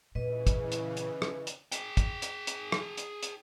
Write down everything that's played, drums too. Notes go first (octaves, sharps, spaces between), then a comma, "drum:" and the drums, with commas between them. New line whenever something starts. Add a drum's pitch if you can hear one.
A#2 C#3 E3 B4 D#5
drum: kick, hi-hat
drum: hi-hat
drum: hi-hat
drum: rim click
drum: hi-hat
G#4 G5, drum: hi-hat
drum: kick, hi-hat
drum: hi-hat
drum: hi-hat
drum: rim click
drum: hi-hat
drum: hi-hat